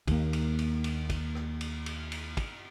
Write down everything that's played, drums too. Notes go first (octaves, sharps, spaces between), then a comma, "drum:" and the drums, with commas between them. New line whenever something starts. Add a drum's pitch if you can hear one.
D#2 A#3, drum: kick, cymbal
drum: cymbal
drum: cymbal
drum: cymbal
drum: kick, cymbal
drum: rim click
drum: cymbal
drum: cymbal
drum: cymbal
drum: kick, cymbal